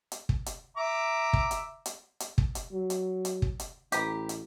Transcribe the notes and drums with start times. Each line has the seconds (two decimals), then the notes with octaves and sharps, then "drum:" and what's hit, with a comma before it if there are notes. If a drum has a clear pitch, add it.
0.12 drum: hi-hat
0.29 drum: kick
0.46 drum: hi-hat
0.77 E5 A#5 D6
1.33 drum: kick
1.51 drum: hi-hat
1.86 drum: hi-hat
2.20 drum: hi-hat
2.38 drum: kick
2.55 drum: hi-hat
2.73 F#3
2.90 drum: hi-hat
3.25 drum: hi-hat
3.42 drum: kick
3.60 drum: hi-hat
3.92 A1 G4 B4 A#5, drum: hi-hat
4.29 drum: hi-hat